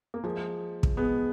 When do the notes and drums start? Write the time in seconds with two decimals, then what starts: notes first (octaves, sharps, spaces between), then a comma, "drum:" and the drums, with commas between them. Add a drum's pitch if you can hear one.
0.14 A#3
0.24 F3 G#3
0.83 drum: kick
0.97 G#3 B3